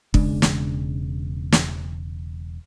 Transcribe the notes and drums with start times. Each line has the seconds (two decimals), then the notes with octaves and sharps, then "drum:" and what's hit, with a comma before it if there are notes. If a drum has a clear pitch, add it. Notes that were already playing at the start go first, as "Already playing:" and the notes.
0.14 E1 C#3 G#3 D4, drum: kick
0.42 drum: snare
1.52 drum: snare